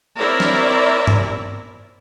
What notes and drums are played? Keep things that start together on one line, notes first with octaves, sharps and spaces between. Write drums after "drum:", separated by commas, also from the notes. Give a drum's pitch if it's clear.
C4 E4 A#4 C#5 D5 E5
drum: snare
drum: tom G2